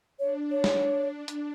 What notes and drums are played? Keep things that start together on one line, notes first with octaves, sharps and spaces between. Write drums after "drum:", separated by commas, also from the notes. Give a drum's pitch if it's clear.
D4 C#5
C#5
drum: snare
drum: hi-hat